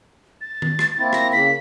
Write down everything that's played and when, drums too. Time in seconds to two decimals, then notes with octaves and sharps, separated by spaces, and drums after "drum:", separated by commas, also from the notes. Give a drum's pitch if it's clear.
0.41 A6
0.62 drum: tom D#3
0.79 drum: rim click
0.99 A#3 C4 E4
1.13 A#6, drum: rim click
1.33 C#3 A#3 B6